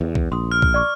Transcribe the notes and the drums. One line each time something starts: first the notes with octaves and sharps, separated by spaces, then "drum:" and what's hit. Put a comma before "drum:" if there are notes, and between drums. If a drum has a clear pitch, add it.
E2
drum: kick B1
A#1 C6 D#6
F6
drum: kick B1
D5 C#6 D6